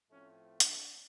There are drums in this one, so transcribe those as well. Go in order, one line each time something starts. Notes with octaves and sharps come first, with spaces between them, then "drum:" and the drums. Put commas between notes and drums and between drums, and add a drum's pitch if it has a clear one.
A2 F3 A3 C4 C#4
D4, drum: hi-hat